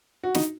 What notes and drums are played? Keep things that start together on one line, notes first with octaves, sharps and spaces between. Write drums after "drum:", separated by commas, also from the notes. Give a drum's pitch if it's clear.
F#4
D#4, drum: snare